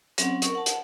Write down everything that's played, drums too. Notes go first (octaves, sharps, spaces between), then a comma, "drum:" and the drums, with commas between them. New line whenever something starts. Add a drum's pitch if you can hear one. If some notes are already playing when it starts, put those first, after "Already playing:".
F#3 C4 C#4 F#5, drum: hi-hat
A#4 C#6, drum: hi-hat
F#5 A5
drum: hi-hat